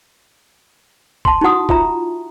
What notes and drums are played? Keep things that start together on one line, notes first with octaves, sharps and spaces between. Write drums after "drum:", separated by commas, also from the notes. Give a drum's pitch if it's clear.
A5 C6, drum: kick
D#4 E4 F#4 F#5 D#6
F4 E5 A#5, drum: kick